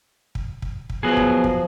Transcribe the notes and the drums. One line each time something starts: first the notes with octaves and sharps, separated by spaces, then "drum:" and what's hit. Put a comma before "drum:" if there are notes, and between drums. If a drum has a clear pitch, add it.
drum: kick
drum: kick
drum: kick
F3 F#3 B3 G#4
drum: kick
drum: kick